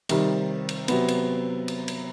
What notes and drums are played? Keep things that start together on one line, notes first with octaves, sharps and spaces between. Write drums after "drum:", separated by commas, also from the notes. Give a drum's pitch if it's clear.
C3 D#3 G3, drum: cymbal
drum: cymbal
C3 F#3 B3, drum: cymbal
drum: cymbal
drum: cymbal
drum: cymbal